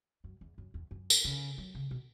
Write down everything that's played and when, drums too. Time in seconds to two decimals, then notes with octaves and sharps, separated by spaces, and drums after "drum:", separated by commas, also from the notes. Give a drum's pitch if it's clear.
0.24 F#2
0.41 E2
0.58 F#2
0.74 E2
0.91 F#2
1.10 drum: tambourine
1.24 C#3
1.58 F#3
1.75 C#3
1.91 B2